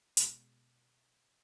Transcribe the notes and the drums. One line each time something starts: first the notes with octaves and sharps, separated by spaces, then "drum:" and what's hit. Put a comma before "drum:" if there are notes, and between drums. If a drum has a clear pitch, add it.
B2 G#3, drum: hi-hat